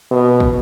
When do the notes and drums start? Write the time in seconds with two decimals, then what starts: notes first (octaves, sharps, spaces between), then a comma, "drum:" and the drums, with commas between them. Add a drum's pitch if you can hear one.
0.11 B2
0.40 drum: kick